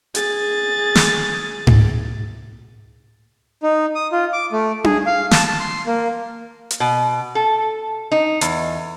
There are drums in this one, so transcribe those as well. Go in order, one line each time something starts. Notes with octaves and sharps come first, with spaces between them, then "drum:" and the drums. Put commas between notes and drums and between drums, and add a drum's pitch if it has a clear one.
G#4 A6, drum: hi-hat
drum: snare
drum: tom G#2
D#4
D#6
F4
D6
A3
G#4, drum: tom D4
F5
A5, drum: snare
A5
C6
A#3
drum: hi-hat
B2
A4
D#4
E2, drum: hi-hat